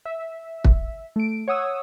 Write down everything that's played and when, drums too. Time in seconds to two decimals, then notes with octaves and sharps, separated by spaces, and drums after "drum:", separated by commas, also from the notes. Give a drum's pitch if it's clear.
0.05 E5
0.64 drum: kick
1.16 A3 D7
1.48 C#5 F#5 D#6 E6